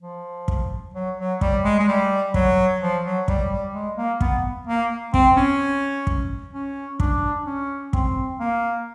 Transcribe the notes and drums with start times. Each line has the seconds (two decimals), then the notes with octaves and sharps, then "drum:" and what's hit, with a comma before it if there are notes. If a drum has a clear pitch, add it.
0.02 F3
0.48 drum: kick
0.94 F#3
1.18 F#3
1.41 G3, drum: kick
1.64 G#3
1.80 G#3
1.88 G3
2.34 F#3, drum: kick
2.81 F3
3.04 F#3
3.28 G3, drum: kick
3.50 G3
3.74 G#3
3.97 A#3
4.21 B3, drum: kick
4.67 A#3
5.14 C4, drum: kick
5.37 C#4
6.07 drum: kick
6.53 C#4
7.00 D4, drum: kick
7.46 C#4
7.93 C4, drum: kick
8.40 A#3